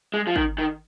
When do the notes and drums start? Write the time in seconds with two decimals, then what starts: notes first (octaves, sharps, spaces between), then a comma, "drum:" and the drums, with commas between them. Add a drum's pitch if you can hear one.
0.14 G#3
0.27 F3
0.36 D#3, drum: kick
0.58 D#3